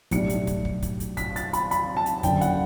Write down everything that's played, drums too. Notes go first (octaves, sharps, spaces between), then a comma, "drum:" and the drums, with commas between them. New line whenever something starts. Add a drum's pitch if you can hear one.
B1 A2 G3 D4 C#7, drum: kick, hi-hat
drum: hi-hat
drum: kick, hi-hat
drum: kick
drum: kick, hi-hat
drum: hi-hat
B6, drum: kick, hi-hat
A6, drum: hi-hat
B5, drum: hi-hat
B5, drum: hi-hat
A5
drum: hi-hat
F#1 F#2 D3 G5, drum: kick, hi-hat
F#5, drum: hi-hat